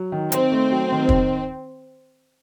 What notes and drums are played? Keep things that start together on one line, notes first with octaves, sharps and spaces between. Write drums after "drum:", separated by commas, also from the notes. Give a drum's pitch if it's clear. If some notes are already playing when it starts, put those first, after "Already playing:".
Already playing: F#3
D#3
D#3 C4, drum: hi-hat
A3
F#3
D#3
drum: kick